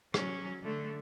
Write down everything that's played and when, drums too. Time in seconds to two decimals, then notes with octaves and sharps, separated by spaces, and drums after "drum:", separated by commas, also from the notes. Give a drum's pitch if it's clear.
0.14 F#3 C#4, drum: rim click
0.64 D3 A3